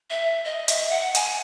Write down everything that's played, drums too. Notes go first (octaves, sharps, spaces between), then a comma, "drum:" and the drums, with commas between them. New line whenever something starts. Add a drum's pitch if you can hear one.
E5
D#5
E5, drum: hi-hat
F#5
G#5, drum: hi-hat